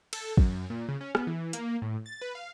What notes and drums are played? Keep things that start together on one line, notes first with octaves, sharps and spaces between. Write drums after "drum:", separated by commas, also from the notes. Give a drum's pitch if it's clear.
A4, drum: cymbal
F#2, drum: kick
A#2
C#3
C#4
B3, drum: rim click
E3
A#3, drum: hi-hat
A2
A6
B4
F5